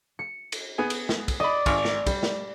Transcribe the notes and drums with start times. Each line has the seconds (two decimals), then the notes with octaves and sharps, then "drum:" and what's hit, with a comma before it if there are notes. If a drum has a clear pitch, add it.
0.19 C#7
0.52 drum: cymbal
0.78 B3 G#4 G#5
0.90 drum: cymbal
1.09 drum: snare
1.28 drum: kick, cymbal
1.40 D5 D#5 B5
1.66 G#1 C#6 F6, drum: kick, cymbal
1.85 drum: snare
2.06 G3, drum: kick, cymbal
2.23 drum: snare